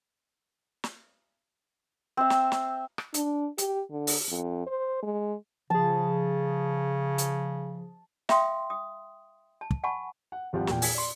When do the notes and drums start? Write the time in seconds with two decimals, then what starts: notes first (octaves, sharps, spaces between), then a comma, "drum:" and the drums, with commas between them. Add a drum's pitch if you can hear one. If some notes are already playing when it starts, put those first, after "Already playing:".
0.84 drum: snare
2.17 C4 E5
2.30 drum: snare
2.52 drum: snare
2.98 drum: rim click
3.14 D4, drum: hi-hat
3.58 G4, drum: hi-hat
3.91 D3
4.07 drum: open hi-hat
4.29 F2
4.67 C5
5.03 G#3
5.70 C#3 F3 G#4 A5
7.18 drum: hi-hat
8.29 E5 F5 G5 A#5 C6 D#6, drum: snare
8.70 D#6
9.61 A5
9.71 drum: kick
9.84 F#5 G#5 A5 B5 C#6
10.32 F#5
10.53 G#1 F3 G3 G4 F#5
10.67 E2 A#2 G5, drum: snare
10.82 G#5 G#6 B6, drum: open hi-hat
10.94 D5 C6